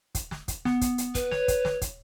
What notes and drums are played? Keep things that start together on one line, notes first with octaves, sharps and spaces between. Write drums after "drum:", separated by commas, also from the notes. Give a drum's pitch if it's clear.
drum: kick, hi-hat
drum: snare
drum: kick, hi-hat
B3, drum: snare
drum: kick, hi-hat
drum: hi-hat
B4, drum: kick, hi-hat
C#5, drum: snare
drum: kick, hi-hat
drum: snare
drum: kick, hi-hat